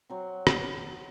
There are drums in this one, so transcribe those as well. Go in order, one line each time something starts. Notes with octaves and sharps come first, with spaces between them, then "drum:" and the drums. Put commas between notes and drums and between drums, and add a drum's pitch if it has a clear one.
F#3 C4
drum: rim click